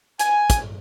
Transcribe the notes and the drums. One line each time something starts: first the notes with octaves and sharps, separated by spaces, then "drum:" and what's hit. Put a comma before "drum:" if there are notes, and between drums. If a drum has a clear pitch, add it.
G#5, drum: hi-hat
drum: kick, hi-hat